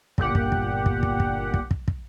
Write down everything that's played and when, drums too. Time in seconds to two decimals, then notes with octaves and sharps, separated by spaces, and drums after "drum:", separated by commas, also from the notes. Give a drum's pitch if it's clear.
0.18 G1 A#2 G4 F#5, drum: kick
0.35 drum: kick
0.52 drum: kick
0.86 drum: kick
1.03 drum: kick
1.20 drum: kick
1.54 drum: kick
1.71 drum: kick
1.88 drum: kick